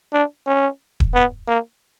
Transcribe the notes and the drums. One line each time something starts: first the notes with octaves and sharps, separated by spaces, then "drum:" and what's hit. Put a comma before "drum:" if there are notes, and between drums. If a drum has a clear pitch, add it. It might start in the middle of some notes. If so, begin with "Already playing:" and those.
D4
C#4
drum: kick D#1
B3
A#3